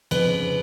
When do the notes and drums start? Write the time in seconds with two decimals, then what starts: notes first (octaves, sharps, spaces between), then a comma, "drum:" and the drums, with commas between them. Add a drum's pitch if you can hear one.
0.11 F2 B4, drum: cymbal
0.26 C#3